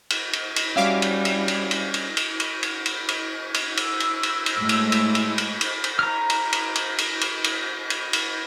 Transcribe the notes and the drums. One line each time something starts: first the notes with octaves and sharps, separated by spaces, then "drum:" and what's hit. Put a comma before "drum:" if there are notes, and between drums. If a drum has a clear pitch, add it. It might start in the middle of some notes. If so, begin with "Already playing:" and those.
drum: cymbal
drum: cymbal
drum: cymbal
G3 C#4 F#4 E5 F5 D6
drum: cymbal
drum: cymbal
drum: cymbal
drum: cymbal
drum: cymbal
drum: cymbal
drum: cymbal
drum: cymbal
drum: cymbal
drum: cymbal
drum: cymbal
E6, drum: cymbal
drum: cymbal
drum: cymbal
drum: cymbal
A2 G#3 A3
drum: cymbal
drum: cymbal
drum: cymbal
drum: cymbal
drum: cymbal
drum: cymbal
A#5 F6
drum: cymbal
drum: cymbal
drum: cymbal
drum: cymbal
drum: cymbal
drum: cymbal
drum: cymbal
drum: cymbal